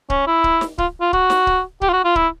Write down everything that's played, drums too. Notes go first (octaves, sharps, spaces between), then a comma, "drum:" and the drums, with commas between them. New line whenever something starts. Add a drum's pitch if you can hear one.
C#4, drum: kick C#1
E4
drum: kick C#1
drum: snare
F4, drum: kick C#1
F4
F#4, drum: kick C#1
drum: snare
drum: kick C#1
G4, drum: kick C#1
F4
F#4
F4
E4, drum: kick C#1